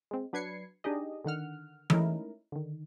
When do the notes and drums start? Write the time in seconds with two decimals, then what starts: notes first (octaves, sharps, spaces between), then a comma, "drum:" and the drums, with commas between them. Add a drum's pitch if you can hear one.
0.11 G#3 C4
0.33 F#3 D4 B4 G#6 C7 C#7
0.84 D4 D#4 G4 G#4 D#5
1.25 D3 D#3 F#5 F6
1.90 G#3 A3 C#4 D#4 E4 A#4, drum: tom E3
2.52 D3 D#3